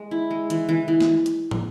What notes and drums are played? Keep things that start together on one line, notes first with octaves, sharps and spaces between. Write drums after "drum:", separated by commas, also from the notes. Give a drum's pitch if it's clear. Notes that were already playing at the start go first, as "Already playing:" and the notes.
Already playing: G#3
E4
G#3
E3, drum: hi-hat
E3
E3
drum: snare
drum: hi-hat
drum: tom